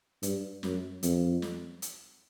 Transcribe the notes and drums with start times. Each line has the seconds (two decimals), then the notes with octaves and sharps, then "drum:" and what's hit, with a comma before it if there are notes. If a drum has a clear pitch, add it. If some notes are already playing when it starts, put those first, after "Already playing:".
0.23 G2, drum: hi-hat
0.63 F#2, drum: snare
1.03 F2, drum: hi-hat
1.42 drum: snare
1.82 drum: hi-hat